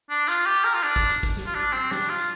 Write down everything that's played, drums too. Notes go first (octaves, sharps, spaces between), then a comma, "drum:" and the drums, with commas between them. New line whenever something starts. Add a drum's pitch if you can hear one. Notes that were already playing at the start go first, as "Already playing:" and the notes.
D4
F4, drum: hi-hat
G4
A#4
F4
D4, drum: hi-hat
drum: kick, hi-hat
drum: hi-hat
drum: kick, hi-hat
drum: snare
F4
D4
C4
D4, drum: snare
F4
drum: hi-hat